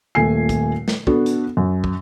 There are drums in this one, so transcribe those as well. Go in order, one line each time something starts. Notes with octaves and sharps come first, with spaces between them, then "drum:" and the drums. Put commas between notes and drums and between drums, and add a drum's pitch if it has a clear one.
D#1 A#2 A3 G#5 C7
drum: kick, hi-hat
drum: snare
B3 D4 F#4 A4, drum: kick
drum: hi-hat
F#2
drum: kick